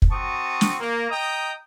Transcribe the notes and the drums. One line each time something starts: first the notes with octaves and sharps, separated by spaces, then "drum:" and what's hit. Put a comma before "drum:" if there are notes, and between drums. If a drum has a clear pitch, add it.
drum: kick
C4 F#4 A5 C#6 D#6
drum: snare
A#3
D#5 G5 A#5 D#6